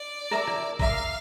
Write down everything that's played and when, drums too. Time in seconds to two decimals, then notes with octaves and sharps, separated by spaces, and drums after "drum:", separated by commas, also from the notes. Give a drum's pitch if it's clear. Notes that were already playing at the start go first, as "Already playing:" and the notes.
Already playing: D5
0.31 A#4 E5 A#5 D6
0.47 drum: rim click
0.79 A#4 E5 F5 A#5 D6, drum: kick A1